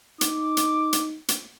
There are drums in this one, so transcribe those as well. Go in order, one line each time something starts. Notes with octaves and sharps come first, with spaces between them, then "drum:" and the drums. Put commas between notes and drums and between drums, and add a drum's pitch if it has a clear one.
D#4 D6, drum: hi-hat
drum: hi-hat
drum: hi-hat
drum: hi-hat